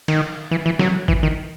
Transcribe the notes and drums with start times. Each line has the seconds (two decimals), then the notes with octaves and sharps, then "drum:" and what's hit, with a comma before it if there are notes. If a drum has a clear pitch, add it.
0.08 D#3, drum: cymbal
0.51 E3
0.66 E3
0.79 F#3, drum: snare
1.08 E3, drum: kick
1.23 D#3